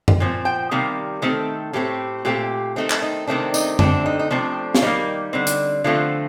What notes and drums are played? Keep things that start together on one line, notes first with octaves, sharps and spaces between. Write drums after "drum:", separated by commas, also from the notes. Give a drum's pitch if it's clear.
drum: tom F#2
A#2 F3 C4
G5
C3 D#3 G3 A#3
D#3 A3 C4 A4
A2 A3 C4 G4
A#2 A3 C4 G4
D#3 A3 C4 D#4
drum: clap
D#4
C3 D#3 A3 C4 D4
D#4, drum: tambourine
D3 A3 C4 D4, drum: tom F#2
D#4
D#4
C3 F3 A3 C4 D4
F4, drum: snare
D#3 G3 A#3 D#4
D3 G3 C4
drum: hi-hat
D3 F3 A3 C4 F4